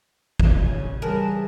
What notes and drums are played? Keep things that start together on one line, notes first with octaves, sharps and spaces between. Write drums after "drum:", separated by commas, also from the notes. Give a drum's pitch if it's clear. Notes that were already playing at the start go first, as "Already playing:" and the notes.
drum: kick
C#3 C#4 G#4 G#5
E3 G3 G#4 A#4 B4 A5